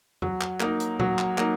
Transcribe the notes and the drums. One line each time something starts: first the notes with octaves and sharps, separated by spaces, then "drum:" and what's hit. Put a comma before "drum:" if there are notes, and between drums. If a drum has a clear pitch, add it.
F#3, drum: tom F2
drum: clap
A#3 D#4, drum: clap
drum: hi-hat
F#3, drum: tom A#2
drum: clap
A#3 D#4, drum: clap